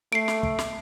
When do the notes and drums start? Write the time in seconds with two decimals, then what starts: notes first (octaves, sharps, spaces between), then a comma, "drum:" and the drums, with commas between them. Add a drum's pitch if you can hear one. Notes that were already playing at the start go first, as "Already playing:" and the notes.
0.12 A3 C7 D7
0.28 drum: snare
0.43 drum: kick
0.59 drum: snare